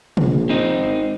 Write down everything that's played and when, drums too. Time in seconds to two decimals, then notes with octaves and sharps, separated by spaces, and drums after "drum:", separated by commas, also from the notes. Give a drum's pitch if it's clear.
0.17 A#1, drum: tom
0.49 C4 D#4
0.76 G#1